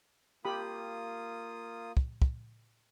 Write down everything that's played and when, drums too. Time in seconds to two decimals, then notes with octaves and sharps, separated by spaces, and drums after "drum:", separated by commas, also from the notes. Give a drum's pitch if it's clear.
0.45 A#3 F4 G4 B5 D#6
1.97 drum: kick
2.22 drum: kick